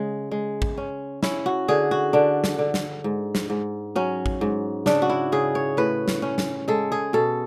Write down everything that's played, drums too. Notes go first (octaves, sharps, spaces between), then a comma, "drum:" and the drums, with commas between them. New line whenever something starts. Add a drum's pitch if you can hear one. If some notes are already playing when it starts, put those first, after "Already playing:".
Already playing: C#3 G#3 G#4
G#3
drum: kick A1
C#4
C#4 E4, drum: snare
F#4
D3 G#4
F#4
D3 D4
drum: snare
D3
drum: snare
G#2
drum: snare
G#2
F#3 C#4
drum: kick A1
G#2
C#3 D4, drum: snare
F#4
E4
C#3 G#4
C#5
A2 B4
drum: snare
C#4
drum: snare
G#3 A4
G#4
B2 A4